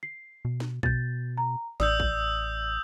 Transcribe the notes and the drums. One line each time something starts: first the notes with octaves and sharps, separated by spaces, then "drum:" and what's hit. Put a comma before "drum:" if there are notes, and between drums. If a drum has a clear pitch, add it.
C7
B2
drum: snare
B2 G6 A6, drum: kick A#1
A#5
A1 D5 D#6 E6 G6, drum: snare
drum: kick A#1